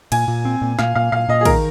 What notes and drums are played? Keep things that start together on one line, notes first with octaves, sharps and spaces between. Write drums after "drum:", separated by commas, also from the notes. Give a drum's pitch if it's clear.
A#2 G#5, drum: cymbal
A#2
C4
A#2
A#2 F5, drum: snare
A#2 F5
A#2 F5
A#2 D#5
G#4
D#3 A#4, drum: kick, cymbal